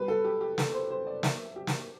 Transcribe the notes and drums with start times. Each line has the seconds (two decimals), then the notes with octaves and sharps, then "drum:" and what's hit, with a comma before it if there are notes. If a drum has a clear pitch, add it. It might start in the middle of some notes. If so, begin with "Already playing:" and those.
Already playing: B2 G3 B4
0.08 A4
0.24 G4
0.41 G4
0.58 A4, drum: snare
0.74 C5
0.90 C5
1.07 D5
1.23 B2 F#3 E5, drum: snare
1.56 G4
1.67 drum: snare